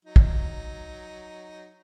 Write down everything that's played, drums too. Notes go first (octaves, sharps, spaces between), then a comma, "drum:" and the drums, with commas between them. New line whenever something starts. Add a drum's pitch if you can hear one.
F#3 D#4
drum: kick